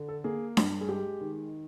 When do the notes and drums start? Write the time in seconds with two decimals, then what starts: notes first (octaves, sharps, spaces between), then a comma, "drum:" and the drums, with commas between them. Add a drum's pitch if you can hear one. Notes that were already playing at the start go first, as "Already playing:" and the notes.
Already playing: D3
0.08 A4
0.24 A#3 G#4
0.57 G2, drum: snare D4
0.81 G#4
0.89 G#3 G4
1.21 D#3